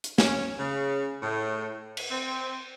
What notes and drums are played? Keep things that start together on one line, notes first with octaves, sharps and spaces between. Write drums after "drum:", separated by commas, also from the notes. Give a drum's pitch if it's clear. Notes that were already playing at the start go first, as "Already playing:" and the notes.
drum: hi-hat
C#4, drum: snare
C#3
A2
drum: cymbal
C4